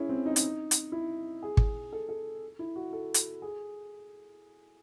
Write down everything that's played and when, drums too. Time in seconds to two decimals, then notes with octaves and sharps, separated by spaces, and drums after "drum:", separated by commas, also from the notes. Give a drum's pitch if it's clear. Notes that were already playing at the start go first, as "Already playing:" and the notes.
Already playing: C#4 E4 G#4
0.09 C4
0.26 D#4
0.36 drum: hi-hat
0.71 drum: hi-hat
0.92 E4
1.43 G#4
1.57 drum: kick
1.92 A4
2.09 A4
2.59 E4
2.76 F#4
2.93 A4
3.14 drum: hi-hat
3.42 G#4